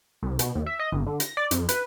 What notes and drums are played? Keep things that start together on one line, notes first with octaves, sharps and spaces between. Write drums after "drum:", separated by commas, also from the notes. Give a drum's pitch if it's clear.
C2
B2, drum: hi-hat
D#2
E5
D#5
G1
D3
A#6, drum: hi-hat
D5
F2, drum: hi-hat
B4, drum: hi-hat